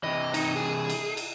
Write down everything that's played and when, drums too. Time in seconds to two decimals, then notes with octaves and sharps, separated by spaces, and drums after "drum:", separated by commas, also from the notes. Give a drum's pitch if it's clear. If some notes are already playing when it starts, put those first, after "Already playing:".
0.04 C3 E3 D#5
0.34 D#4, drum: cymbal
0.56 G#4
0.90 drum: cymbal
1.17 drum: cymbal